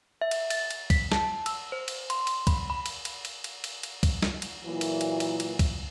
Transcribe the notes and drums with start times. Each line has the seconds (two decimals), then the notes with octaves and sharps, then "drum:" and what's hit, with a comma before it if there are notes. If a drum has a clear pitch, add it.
0.21 E5
0.31 drum: cymbal
0.50 A6, drum: cymbal
0.70 drum: cymbal
0.90 B6, drum: kick, cymbal
1.12 A5, drum: snare
1.46 E6, drum: cymbal
1.72 C5
1.88 drum: cymbal
2.10 C6, drum: cymbal
2.27 drum: cymbal
2.47 B5, drum: kick, cymbal
2.70 B5
2.86 drum: cymbal
3.05 drum: cymbal
3.25 drum: cymbal
3.44 drum: cymbal
3.64 drum: cymbal
3.83 drum: cymbal
4.03 drum: kick, cymbal
4.23 drum: snare
4.42 drum: cymbal
4.65 A#2 E3 F#3
4.81 drum: cymbal
5.01 drum: cymbal
5.20 drum: cymbal
5.40 drum: cymbal
5.59 drum: kick, cymbal